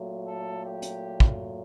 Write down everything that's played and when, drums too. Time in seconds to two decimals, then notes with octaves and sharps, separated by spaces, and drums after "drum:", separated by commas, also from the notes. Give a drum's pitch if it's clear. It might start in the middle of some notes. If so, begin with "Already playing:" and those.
Already playing: A#2 F#3 A3
0.25 A4
0.64 G4
0.82 drum: hi-hat
1.20 drum: kick